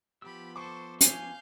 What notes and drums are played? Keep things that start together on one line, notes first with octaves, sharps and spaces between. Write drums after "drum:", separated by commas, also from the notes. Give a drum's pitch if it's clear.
F3 B3 G4 B5 E6
A4 C5 C#6 D6
F5 G#5 G6, drum: hi-hat